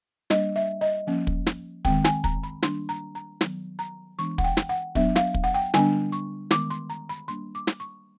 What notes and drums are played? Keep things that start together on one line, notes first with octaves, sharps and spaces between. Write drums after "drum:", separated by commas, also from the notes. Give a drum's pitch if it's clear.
G3 A#3 D4 D#5, drum: snare
E5
D#5
F3 A#3 C#4
drum: kick
drum: snare
D#3 G#3 C4 G5, drum: kick
G#5, drum: snare
A#5, drum: kick
B5
D#3 G3 A#3 D4 C6, drum: snare
A#5
A#5
D#3 F#3 B3, drum: snare
A#5
E3 G#3 B3 D4 C#6
F#5, drum: kick
G5
drum: snare
F#5
F#3 B3 D4 E5, drum: kick
F5, drum: snare
drum: kick
F#5
G5
D3 G3 B3 D4 G#5, drum: snare
C#6
D#3 G#3 B3 D6, drum: snare
C6
A#5
B5
G3 A#3 D4 C6
D6
drum: snare
C#6